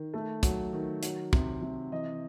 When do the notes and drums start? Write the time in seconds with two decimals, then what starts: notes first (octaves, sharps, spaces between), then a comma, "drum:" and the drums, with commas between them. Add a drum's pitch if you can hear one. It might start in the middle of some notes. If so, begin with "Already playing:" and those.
Already playing: D#3
0.14 A3
0.43 F#3, drum: kick, hi-hat
0.73 D#3
1.03 F#3, drum: hi-hat
1.33 C3, drum: kick
1.62 C3
1.92 E3 D#5